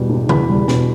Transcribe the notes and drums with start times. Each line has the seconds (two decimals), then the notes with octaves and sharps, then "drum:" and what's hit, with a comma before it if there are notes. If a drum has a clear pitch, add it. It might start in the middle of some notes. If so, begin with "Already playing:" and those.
Already playing: E2 B2 G3
0.10 E1
0.29 E2 B5, drum: tom C#3
0.49 G3
0.68 B2, drum: snare